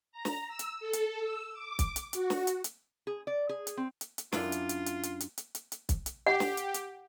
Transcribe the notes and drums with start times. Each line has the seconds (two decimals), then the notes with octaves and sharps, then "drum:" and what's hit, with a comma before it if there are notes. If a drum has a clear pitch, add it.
0.12 A#5
0.25 drum: snare
0.48 E6
0.59 drum: hi-hat
0.80 A4
0.93 drum: hi-hat
1.19 E6
1.53 D6
1.79 drum: kick, hi-hat
1.96 drum: hi-hat
2.13 F#4, drum: hi-hat
2.30 drum: snare
2.47 drum: hi-hat
2.64 drum: hi-hat
3.07 G#4
3.27 D5
3.49 G#4
3.67 drum: hi-hat
3.77 C4
4.01 drum: hi-hat
4.18 drum: hi-hat
4.32 F#2 D4 E4 F4, drum: snare
4.52 drum: hi-hat
4.69 drum: hi-hat
4.86 drum: hi-hat
5.03 drum: hi-hat
5.20 drum: hi-hat
5.38 drum: hi-hat
5.55 drum: hi-hat
5.72 drum: hi-hat
5.89 drum: kick, hi-hat
6.06 drum: hi-hat
6.27 G4 F#5
6.40 drum: snare
6.57 drum: hi-hat
6.74 drum: hi-hat